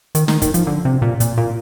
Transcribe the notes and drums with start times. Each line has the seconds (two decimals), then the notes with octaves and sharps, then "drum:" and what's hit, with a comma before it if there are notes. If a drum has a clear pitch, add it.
0.15 D#3, drum: hi-hat
0.28 D#3, drum: snare
0.42 D#3, drum: kick, hi-hat
0.54 F3, drum: hi-hat
0.67 D3
0.85 C3
1.02 A#2
1.20 A#2, drum: hi-hat
1.38 A#2